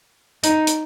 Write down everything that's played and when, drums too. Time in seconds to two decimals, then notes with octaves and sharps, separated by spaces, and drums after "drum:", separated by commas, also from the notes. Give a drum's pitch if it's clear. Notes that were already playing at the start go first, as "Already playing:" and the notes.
0.44 D#4, drum: hi-hat
0.67 drum: hi-hat